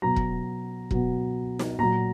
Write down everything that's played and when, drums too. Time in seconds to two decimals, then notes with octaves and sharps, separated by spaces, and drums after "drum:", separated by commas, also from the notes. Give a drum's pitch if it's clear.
0.02 B2 F#3 A#5
0.16 drum: kick
0.91 B2 F#3, drum: kick
1.59 drum: snare
1.78 A#2 F#3 A#5